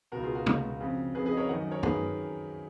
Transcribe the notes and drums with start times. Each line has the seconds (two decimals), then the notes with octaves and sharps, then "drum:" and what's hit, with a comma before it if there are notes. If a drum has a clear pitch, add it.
0.12 C#2 B2 F#4 A#4
0.23 F4 G#4
0.35 F#4 A#4
0.46 C#2 B2, drum: tom
0.81 F2 C#3
1.15 F2 C#3 G#4 B4
1.26 G#4 B4
1.32 D#5
1.37 A#4 C#5
1.49 F#2 D#3 D#5 F#5
1.71 A#4 C#5
1.83 D#3 G#4 B4, drum: tom F#2